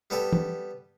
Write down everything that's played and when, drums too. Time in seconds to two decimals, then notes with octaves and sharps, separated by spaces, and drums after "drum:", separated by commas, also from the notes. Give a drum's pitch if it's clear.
0.10 G3 B3 A4 G5
0.33 drum: tom